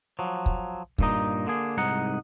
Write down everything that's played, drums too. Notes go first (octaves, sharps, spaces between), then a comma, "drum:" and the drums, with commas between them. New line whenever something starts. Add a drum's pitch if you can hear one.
F3 F#3
drum: kick
G2 A#2 D#4, drum: kick
D3 A#3 G#4
C2 G#2 D#4 F#5